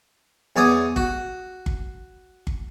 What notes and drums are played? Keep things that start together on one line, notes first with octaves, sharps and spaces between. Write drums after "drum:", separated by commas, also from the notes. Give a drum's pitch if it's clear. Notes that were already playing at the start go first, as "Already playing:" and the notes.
E2 C#5 D5 G#5 D#6
F#4, drum: kick G1
drum: kick G1
drum: kick G1